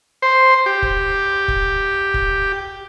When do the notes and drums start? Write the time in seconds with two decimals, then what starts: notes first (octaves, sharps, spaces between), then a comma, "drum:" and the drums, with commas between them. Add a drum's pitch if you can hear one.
0.22 C5
0.66 G4
0.82 drum: kick
1.48 drum: kick
2.14 drum: kick